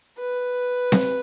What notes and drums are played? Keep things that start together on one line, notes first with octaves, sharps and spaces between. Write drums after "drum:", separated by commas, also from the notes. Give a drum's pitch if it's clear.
B4
drum: snare C4